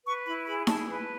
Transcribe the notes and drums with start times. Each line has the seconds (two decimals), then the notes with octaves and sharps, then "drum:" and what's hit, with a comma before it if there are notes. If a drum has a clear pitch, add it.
0.05 B4 C#6
0.26 E4 B5
0.47 G#4 B5
0.67 E4 A5, drum: snare D#4
0.87 B4